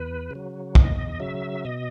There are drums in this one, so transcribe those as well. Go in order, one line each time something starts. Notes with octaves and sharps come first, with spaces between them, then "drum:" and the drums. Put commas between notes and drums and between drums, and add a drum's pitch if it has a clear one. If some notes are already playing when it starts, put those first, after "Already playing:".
Already playing: E2 B4
C#3 F#3
E2 D#5, drum: kick
C#3 F#3 E5
B2 D#5